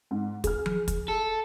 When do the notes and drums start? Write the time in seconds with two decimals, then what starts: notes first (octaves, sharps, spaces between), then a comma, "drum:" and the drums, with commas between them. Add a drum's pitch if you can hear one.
0.11 G#2
0.44 G#4 F6, drum: kick, hi-hat
0.66 drum: tom F3
0.88 drum: kick, hi-hat
1.08 A4